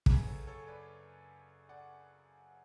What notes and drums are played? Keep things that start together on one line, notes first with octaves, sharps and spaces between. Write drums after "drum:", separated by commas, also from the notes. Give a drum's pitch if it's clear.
F#2 C#3 F#3 G#4 B4, drum: kick
A4 C#5
A4 C#5
B4 D5
D5 F#5